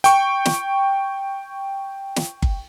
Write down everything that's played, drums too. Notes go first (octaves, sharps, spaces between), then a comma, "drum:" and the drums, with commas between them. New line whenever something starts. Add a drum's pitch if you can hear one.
G5 C#6, drum: hi-hat
drum: snare
drum: snare
drum: kick G1